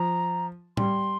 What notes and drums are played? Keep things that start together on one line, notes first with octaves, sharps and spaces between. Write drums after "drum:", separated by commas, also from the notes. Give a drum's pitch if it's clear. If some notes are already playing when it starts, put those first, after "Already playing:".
Already playing: F3 A#5
G3 C6, drum: tom A2